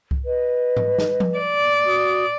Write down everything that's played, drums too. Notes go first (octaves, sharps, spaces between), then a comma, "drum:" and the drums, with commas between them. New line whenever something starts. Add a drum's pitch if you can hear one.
drum: kick C2
B4 D#5
drum: tom G#2
drum: snare
drum: tom F3
D5
F#4 D#6